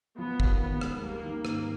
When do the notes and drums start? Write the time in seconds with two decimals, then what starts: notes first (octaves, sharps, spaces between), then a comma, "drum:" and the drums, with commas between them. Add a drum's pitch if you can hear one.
0.18 F3 B3
0.40 D#2, drum: kick
0.61 D#2 B3
0.81 G#3, drum: rim click
1.03 G3 A#3
1.24 D#3
1.45 G#2 A#3, drum: rim click